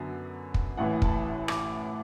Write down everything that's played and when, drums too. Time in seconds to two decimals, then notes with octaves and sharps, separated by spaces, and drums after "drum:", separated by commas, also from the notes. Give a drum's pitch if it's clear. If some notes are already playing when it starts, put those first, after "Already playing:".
Already playing: F#2 D3 F#3 B3
0.54 drum: kick
0.77 A1 A2 E3 F#5
1.02 A5, drum: kick
1.48 D6, drum: rim click